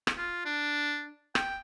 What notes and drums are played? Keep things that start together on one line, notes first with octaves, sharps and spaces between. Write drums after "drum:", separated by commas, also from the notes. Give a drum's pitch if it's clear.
drum: rim click
F4
D4
G5, drum: rim click